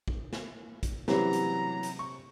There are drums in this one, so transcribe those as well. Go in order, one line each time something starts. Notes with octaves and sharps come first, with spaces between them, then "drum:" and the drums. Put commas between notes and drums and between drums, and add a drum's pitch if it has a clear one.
drum: kick
drum: snare
drum: kick, hi-hat
C3 E3 F#3 G3 C#4 B4 A#5, drum: snare
drum: hi-hat
drum: hi-hat
C#6